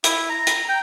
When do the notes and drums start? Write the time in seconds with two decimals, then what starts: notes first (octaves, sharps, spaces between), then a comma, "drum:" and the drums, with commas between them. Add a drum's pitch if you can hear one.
0.04 E4, drum: hi-hat
0.29 A#5
0.47 drum: hi-hat
0.69 G5